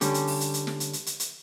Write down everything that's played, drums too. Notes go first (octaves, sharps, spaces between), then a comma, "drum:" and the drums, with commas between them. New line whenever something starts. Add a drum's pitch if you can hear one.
D3 G3 C#4, drum: hi-hat
drum: hi-hat
drum: open hi-hat
drum: hi-hat
drum: hi-hat
drum: snare
drum: hi-hat
drum: hi-hat
drum: hi-hat
drum: hi-hat